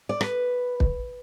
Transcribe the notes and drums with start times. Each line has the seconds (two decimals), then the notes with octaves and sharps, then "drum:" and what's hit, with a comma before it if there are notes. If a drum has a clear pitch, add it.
0.09 D5
0.21 B4, drum: rim click
0.80 drum: kick